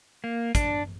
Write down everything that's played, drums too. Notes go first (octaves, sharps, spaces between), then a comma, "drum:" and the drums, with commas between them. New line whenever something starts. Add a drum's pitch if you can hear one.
A#3
D4, drum: kick, hi-hat